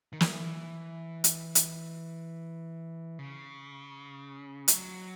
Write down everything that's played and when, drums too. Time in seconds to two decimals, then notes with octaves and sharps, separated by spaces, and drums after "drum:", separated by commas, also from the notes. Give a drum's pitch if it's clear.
0.13 D#3
0.21 E3, drum: snare
1.24 drum: hi-hat
1.55 drum: hi-hat
3.19 C#3
4.68 F#3, drum: hi-hat